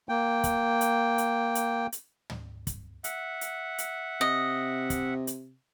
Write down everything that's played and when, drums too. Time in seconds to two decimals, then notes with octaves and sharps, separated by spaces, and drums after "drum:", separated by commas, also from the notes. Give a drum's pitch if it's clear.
0.09 A#3 G5
0.44 drum: kick, hi-hat
0.81 drum: hi-hat
1.18 drum: hi-hat
1.55 drum: hi-hat
1.92 drum: hi-hat
2.30 drum: tom
2.67 drum: kick, hi-hat
3.04 E5 F#5, drum: hi-hat
3.41 drum: hi-hat
3.78 drum: hi-hat
4.21 C3 D#5
4.90 drum: kick, hi-hat
5.27 drum: hi-hat